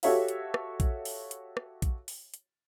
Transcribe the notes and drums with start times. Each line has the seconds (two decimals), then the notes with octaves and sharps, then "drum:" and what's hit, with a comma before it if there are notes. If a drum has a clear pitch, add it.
0.03 F#4 G4 A4 C#5 E5 F5, drum: open hi-hat
0.28 drum: hi-hat
0.54 drum: rim click
0.80 drum: kick A#1, hi-hat
1.05 drum: open hi-hat
1.31 drum: hi-hat
1.57 drum: rim click
1.82 drum: kick A#1, hi-hat
2.08 drum: open hi-hat
2.34 drum: hi-hat